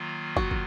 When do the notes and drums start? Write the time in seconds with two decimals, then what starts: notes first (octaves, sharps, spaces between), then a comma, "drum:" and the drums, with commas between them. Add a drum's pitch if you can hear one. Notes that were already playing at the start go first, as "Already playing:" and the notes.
Already playing: D#3 F#3 A#3 F4
0.37 F#4, drum: kick
0.51 drum: kick